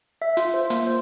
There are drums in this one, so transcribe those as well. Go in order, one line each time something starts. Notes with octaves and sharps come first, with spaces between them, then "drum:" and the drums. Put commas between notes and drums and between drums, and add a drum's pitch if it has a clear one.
E5
F4, drum: hi-hat
C5
A#3, drum: hi-hat
C5